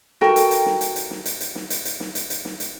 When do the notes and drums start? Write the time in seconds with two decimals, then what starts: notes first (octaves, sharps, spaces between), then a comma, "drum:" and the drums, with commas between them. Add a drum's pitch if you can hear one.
0.21 F#4 A4 A#4 G5, drum: snare
0.36 drum: hi-hat
0.51 drum: hi-hat
0.66 drum: snare
0.81 drum: hi-hat
0.96 drum: hi-hat
1.11 drum: snare
1.25 drum: hi-hat
1.40 drum: hi-hat
1.55 drum: snare
1.70 drum: hi-hat
1.85 drum: hi-hat
2.00 drum: snare
2.15 drum: hi-hat
2.30 drum: hi-hat
2.45 drum: snare
2.60 drum: hi-hat